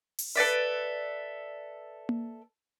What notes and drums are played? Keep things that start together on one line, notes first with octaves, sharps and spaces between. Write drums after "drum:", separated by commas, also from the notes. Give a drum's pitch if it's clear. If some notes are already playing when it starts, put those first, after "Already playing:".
drum: open hi-hat
A4 B4 D5 E5
drum: tom A#3